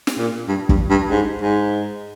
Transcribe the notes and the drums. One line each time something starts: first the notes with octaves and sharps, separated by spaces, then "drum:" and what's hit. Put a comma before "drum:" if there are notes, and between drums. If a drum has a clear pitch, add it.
drum: snare
A#2
G2
G2, drum: kick
G2
G#2
G#2